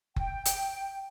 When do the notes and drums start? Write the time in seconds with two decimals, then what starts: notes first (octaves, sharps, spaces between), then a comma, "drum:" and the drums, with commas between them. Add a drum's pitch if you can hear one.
0.16 G5, drum: kick F#1
0.45 drum: hi-hat